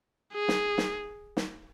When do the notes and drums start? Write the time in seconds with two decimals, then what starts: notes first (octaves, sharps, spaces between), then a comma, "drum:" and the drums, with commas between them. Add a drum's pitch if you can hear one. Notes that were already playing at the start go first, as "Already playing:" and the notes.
0.33 G#4
0.48 drum: snare
0.78 drum: snare
1.37 drum: snare